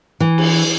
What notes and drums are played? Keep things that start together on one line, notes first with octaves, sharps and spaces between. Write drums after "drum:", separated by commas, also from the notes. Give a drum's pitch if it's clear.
E3
drum: cymbal